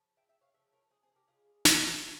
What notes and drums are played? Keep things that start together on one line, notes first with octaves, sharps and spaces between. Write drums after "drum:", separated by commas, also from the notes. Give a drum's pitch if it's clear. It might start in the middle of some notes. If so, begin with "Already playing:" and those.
Already playing: C#3 F3
E5 G5
E5 G5
C#5 F5
C#3 F3 E5
A#4 C#5
G#4 C5
G#4 C5
G4 A#4
C#3 F3 G#3 F4 G#4
drum: snare
C#3 E3 G#3 A#3 C#4